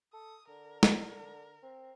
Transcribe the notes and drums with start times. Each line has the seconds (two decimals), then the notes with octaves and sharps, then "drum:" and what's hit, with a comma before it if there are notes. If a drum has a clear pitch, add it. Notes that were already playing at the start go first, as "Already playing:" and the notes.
0.13 A4 D#6
0.49 D3 A#4
0.83 drum: snare
1.63 C4